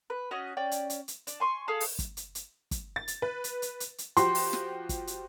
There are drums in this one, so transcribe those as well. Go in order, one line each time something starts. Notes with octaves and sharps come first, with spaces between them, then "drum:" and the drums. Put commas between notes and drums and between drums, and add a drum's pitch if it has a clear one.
B4
C#4 F#4 D#5
C#4 D5 G5
drum: hi-hat
drum: hi-hat
drum: hi-hat
D4, drum: hi-hat
G#5 C6 C#6
G#4 A4 F5
drum: open hi-hat
drum: kick, hi-hat
drum: hi-hat
drum: hi-hat
drum: kick, hi-hat
A6
drum: hi-hat
B4
drum: hi-hat
drum: hi-hat
drum: hi-hat
drum: hi-hat
F3 F#4 G4 C6, drum: hi-hat
drum: open hi-hat
drum: snare
drum: kick, hi-hat
drum: hi-hat